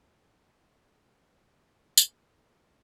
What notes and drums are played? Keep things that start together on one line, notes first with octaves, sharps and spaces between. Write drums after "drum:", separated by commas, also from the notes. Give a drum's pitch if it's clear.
A#4, drum: tambourine